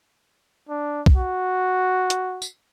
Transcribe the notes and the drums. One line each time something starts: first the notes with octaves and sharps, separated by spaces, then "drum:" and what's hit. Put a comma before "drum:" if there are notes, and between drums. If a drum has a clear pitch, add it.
D4
drum: kick
F#4
drum: hi-hat
drum: tambourine